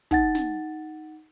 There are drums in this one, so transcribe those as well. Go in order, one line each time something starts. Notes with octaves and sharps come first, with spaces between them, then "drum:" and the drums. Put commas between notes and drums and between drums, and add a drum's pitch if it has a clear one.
D#4 F#5 A6, drum: kick
drum: snare